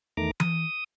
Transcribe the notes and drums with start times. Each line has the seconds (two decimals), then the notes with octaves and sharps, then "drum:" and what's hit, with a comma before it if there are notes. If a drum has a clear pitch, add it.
0.17 E2 D#3 A3 A#5 D6
0.40 D#6, drum: tom E3